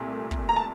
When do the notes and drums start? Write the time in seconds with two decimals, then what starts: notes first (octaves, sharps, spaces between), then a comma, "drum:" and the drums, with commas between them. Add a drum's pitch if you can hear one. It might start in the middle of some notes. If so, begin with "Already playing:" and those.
Already playing: C2 A#2 A3
0.31 drum: kick
0.49 A#5
0.56 A5